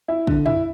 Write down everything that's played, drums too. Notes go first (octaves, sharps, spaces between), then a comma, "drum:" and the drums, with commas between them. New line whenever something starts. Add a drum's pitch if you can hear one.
E4
D3, drum: kick
E4, drum: tom